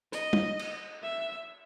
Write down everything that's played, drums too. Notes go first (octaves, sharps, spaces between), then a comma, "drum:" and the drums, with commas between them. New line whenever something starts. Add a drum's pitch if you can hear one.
D#5, drum: hi-hat
drum: tom
drum: cymbal
E5